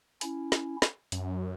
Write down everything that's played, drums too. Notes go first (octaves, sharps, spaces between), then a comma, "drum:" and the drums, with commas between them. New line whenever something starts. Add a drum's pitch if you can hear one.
C#4 E4, drum: hi-hat
drum: snare
drum: snare
F#2, drum: hi-hat